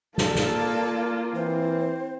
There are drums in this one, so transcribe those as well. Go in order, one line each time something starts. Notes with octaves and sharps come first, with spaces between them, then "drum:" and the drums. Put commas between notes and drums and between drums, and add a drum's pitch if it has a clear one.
A#3 F4 A4 D5, drum: snare
drum: snare
E3 C4 C5